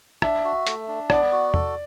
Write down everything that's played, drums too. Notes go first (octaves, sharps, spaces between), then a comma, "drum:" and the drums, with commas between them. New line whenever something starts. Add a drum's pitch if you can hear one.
D4 E5, drum: rim click
F#4
A3, drum: hi-hat
D4
B3 D5, drum: rim click
F#4
A4, drum: tom E2